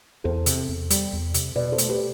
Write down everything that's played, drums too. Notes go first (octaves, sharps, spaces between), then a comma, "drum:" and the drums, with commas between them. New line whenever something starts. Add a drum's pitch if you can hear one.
E2 A4 C5
C3, drum: hi-hat
E2
G3, drum: hi-hat
E2
C3, drum: hi-hat
B2 B4 D5
A4 C5
A3, drum: hi-hat
G4 B4